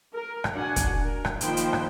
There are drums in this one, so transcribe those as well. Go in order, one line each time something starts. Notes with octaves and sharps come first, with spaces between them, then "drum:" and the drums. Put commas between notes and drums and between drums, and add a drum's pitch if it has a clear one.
A#4
drum: rim click
D4 F#4 F#5 G#5
drum: kick, hi-hat
A#4
drum: rim click
D#3 F3 A#3 C5 G5 B5, drum: hi-hat
drum: hi-hat
drum: rim click